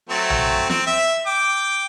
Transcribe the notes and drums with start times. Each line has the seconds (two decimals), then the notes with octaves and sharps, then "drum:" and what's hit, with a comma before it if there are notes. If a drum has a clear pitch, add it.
0.09 F#3 A3 C4
0.30 drum: tom
0.70 C4, drum: snare
0.87 E5
1.26 G5 D6